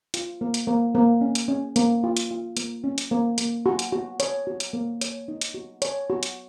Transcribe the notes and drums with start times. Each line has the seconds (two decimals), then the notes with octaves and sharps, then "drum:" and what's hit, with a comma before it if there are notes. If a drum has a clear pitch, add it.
0.14 F4, drum: hi-hat
0.41 A#3
0.54 drum: hi-hat
0.67 A#3
0.95 A#3
1.21 C#4
1.35 drum: hi-hat
1.48 C#4
1.76 A#3, drum: hi-hat
2.04 F4
2.17 drum: hi-hat
2.31 F4
2.57 A#3, drum: hi-hat
2.84 C#4
2.98 drum: hi-hat
3.11 A#3
3.38 A#3, drum: hi-hat
3.66 F#4
3.79 drum: hi-hat
3.92 F#4
4.20 C#5, drum: hi-hat
4.47 F#4
4.60 drum: hi-hat
4.73 A#3
5.01 C#5, drum: hi-hat
5.28 D#4
5.41 drum: hi-hat
5.54 F#4
5.82 C#5, drum: hi-hat
6.10 F#4
6.23 drum: hi-hat